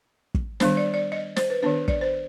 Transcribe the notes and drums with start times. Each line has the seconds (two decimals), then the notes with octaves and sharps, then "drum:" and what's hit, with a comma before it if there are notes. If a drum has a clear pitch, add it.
0.34 drum: kick
0.60 D#3 G3 B3 D4 C5, drum: snare
0.77 D5
0.94 D5
1.12 D#5
1.36 C5, drum: snare
1.50 B4
1.63 D#3 B3 D4 B4
1.88 D5, drum: kick
2.01 C5